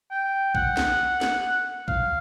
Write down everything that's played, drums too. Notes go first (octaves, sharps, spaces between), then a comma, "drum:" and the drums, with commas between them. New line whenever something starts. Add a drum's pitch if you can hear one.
G5
F#5, drum: kick A#1
drum: snare
drum: snare
F5, drum: kick A#1